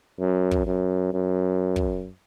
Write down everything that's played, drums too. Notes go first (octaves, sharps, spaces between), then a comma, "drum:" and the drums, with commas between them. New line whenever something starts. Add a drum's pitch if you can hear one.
F#2
drum: kick
F#2
F#2
drum: kick